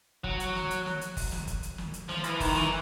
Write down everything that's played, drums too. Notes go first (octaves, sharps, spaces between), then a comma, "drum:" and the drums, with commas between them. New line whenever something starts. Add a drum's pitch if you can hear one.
F#3, drum: kick F1
drum: hi-hat
drum: snare
drum: hi-hat
drum: snare
drum: hi-hat
drum: kick F1, open hi-hat
drum: snare
drum: kick F1, hi-hat
drum: hi-hat
drum: snare
drum: hi-hat
F3, drum: snare
E3, drum: hi-hat
D#3, drum: kick F1, open hi-hat
E3, drum: snare